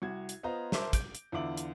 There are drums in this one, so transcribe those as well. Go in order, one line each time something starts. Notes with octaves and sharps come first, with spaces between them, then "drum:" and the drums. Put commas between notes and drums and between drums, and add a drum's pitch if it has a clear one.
C2 F#4 G#6
drum: hi-hat
B3 F4 C5 D#5 A#5
A#4 C5 E5 A5 C6 D6, drum: snare
G6 D7, drum: kick, hi-hat
drum: hi-hat
E2 D3 F4 E5 D6 F#7
drum: hi-hat